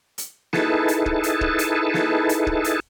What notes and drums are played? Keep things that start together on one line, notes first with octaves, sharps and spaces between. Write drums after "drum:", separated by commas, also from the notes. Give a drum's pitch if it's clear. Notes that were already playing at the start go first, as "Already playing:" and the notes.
drum: hi-hat
D#4 E4 G#4 A4 B4 A5, drum: snare
drum: hi-hat
drum: kick
drum: hi-hat
drum: kick
drum: hi-hat
drum: snare
drum: hi-hat
drum: kick
drum: hi-hat